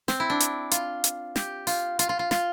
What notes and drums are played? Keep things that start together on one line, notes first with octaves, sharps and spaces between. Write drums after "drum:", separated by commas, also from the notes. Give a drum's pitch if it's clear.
C4, drum: snare
E4
D4
drum: hi-hat
F4, drum: hi-hat
drum: hi-hat
G4, drum: snare
F4, drum: open hi-hat
F4, drum: hi-hat
F4
F4
F4, drum: snare